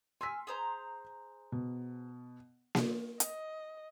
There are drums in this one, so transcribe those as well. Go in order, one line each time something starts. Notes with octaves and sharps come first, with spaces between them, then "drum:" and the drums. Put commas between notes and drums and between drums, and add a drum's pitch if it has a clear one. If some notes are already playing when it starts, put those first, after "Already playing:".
G#5 C6 E6 F6 B6
G#4 C5 A#5
B2
drum: snare A#3
D#5, drum: hi-hat